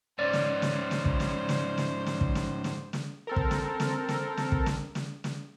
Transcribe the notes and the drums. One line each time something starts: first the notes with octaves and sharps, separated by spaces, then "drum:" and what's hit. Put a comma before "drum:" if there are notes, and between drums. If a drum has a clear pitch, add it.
G#2 C#4 C5 D5
drum: snare
drum: snare
drum: snare
drum: kick
drum: snare
drum: snare
drum: snare
drum: snare
drum: kick
drum: snare
drum: snare
drum: snare
C4 A4 A#4
drum: kick
drum: snare
drum: snare
drum: snare
drum: snare
drum: kick
drum: snare
drum: snare
drum: snare